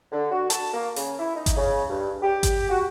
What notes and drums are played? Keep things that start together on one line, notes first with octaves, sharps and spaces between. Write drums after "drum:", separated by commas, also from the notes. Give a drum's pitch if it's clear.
D3
F#4
A5, drum: hi-hat
A#3
C#3, drum: open hi-hat
E4
D#4
drum: kick G#1, hi-hat
C#3
G2
G4
drum: kick G#1, hi-hat
F#4